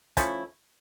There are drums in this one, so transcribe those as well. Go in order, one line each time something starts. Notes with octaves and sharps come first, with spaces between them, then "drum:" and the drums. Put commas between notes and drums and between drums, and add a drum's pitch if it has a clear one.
F3 A3 C#4 E4, drum: kick, hi-hat